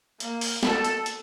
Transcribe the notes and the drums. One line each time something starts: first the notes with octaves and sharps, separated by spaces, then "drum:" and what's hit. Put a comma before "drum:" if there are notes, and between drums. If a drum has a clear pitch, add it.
A#3, drum: hi-hat
drum: open hi-hat
A4, drum: snare
drum: hi-hat
drum: hi-hat